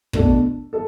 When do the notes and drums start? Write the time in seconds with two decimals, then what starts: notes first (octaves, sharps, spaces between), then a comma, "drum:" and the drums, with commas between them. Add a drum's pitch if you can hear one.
0.13 B2 A3 D4 A4, drum: kick
0.73 A4